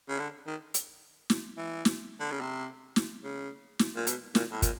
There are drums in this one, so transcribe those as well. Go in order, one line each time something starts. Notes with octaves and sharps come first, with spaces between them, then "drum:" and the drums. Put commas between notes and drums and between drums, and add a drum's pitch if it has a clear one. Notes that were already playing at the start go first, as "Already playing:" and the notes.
C#3
D3
D#3
drum: hi-hat
drum: snare
E3
drum: snare
D3
C#3
C3
drum: snare
C#3
drum: snare
A#2
B2, drum: hi-hat
A#2, drum: snare
A2
A#2, drum: kick, hi-hat